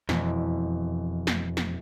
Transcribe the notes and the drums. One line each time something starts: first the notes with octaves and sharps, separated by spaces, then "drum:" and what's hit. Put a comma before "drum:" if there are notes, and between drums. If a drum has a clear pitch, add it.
E1 F2, drum: snare
drum: snare
drum: snare